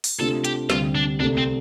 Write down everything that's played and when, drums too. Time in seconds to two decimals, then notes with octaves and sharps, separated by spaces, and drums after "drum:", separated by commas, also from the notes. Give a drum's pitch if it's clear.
0.04 drum: open hi-hat
0.19 C3 A3 D4 F4 A4
0.44 G4, drum: hi-hat
0.70 D2 C3 G3 F4, drum: snare
0.95 D4
1.20 C2 C3 A3 D4
1.37 C4